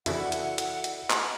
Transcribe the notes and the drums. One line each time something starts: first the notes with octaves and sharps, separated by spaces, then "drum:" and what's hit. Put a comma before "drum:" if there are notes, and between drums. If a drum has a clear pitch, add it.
F2 C#3 E3 E4 F#4 A4 D5 F#5, drum: hi-hat
drum: hi-hat
drum: hi-hat
drum: hi-hat
drum: clap